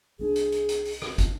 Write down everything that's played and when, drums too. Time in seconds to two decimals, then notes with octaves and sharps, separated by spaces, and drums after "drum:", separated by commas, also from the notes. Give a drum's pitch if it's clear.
0.19 C2 C4 D4 G#4
0.36 drum: hi-hat
0.52 drum: hi-hat
0.69 drum: hi-hat
0.85 drum: open hi-hat
1.02 drum: rim click
1.18 drum: kick, hi-hat